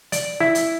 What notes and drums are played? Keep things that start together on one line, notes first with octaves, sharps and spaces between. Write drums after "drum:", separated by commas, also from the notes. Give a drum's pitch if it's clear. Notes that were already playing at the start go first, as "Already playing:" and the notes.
D5, drum: hi-hat
E4
drum: hi-hat